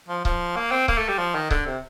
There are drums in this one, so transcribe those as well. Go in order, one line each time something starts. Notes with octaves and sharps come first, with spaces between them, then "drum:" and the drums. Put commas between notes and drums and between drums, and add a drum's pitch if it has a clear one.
F3
F3, drum: kick C#1
A#3
C4
A#3, drum: kick C#1
A3
G3
F3
D#3
D3, drum: kick C#1
C3